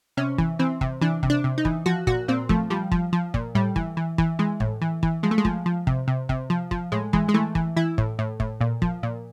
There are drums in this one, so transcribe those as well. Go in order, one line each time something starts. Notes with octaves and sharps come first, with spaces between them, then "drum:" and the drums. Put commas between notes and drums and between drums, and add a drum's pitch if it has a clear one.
C3 C#4
E3, drum: kick
E3 C4
C3, drum: kick
E3 D4
C3, drum: kick
D4
C3
D#4
E3, drum: kick
F3 F#4
A#2 F#4, drum: kick
A#2 C4
F3 A3, drum: kick
F3 G3
F3, drum: kick
F3
A#2, drum: kick
A2 G3
E3, drum: kick
E3
E3, drum: kick
E3 G#3
A2, drum: kick
E3
E3, drum: kick
F3 G#3
A3
G#3
F3, drum: kick
F3
C3, drum: kick
C3
C3, drum: kick
F3
F3, drum: kick
A2 G#3
E3 G#3, drum: kick
G#3
E3 A3
E3, drum: kick
E3 E4
A2, drum: kick
A2
A2, drum: kick
A#2
F3, drum: kick
A#2